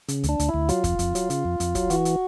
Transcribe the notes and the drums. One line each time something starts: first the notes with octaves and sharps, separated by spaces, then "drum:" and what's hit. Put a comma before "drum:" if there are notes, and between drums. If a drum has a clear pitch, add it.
C#3, drum: hi-hat
D2, drum: hi-hat
D4
D2, drum: hi-hat
E4
D2
F#3 F4, drum: hi-hat
F2, drum: kick, hi-hat
F2, drum: hi-hat
F#3, drum: hi-hat
C#3, drum: hi-hat
F2
F2, drum: hi-hat
F#3, drum: kick, hi-hat
E3 F#4, drum: hi-hat
drum: hi-hat